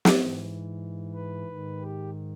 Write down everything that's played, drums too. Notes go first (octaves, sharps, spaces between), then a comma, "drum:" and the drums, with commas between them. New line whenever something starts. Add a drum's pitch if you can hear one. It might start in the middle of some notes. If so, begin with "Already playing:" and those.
drum: snare
G#2 E3
B4
G#2 D#3
G4